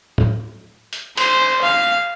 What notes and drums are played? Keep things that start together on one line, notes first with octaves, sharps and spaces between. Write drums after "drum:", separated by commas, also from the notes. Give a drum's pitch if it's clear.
drum: tom
drum: hi-hat
C5, drum: cymbal
F5